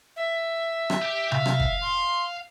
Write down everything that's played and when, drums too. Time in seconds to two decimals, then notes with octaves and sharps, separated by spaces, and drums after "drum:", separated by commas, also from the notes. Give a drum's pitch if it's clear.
0.16 E5
0.90 drum: rim click
1.02 G4
1.32 F5, drum: tom C3
1.46 drum: rim click
1.60 drum: kick
1.82 C6